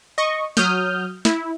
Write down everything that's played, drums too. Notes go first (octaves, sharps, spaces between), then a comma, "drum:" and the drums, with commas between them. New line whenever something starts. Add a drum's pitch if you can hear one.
D#5 C#6
F#3 D#6 F6 G6, drum: snare
E4, drum: snare